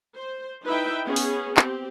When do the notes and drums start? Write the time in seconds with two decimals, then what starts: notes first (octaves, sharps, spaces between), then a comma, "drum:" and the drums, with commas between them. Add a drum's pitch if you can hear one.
0.16 C5
0.65 D#4 E4 B4 E5 G5
1.05 B3 C#4 G#4
1.16 drum: open hi-hat
1.57 C4 G4, drum: clap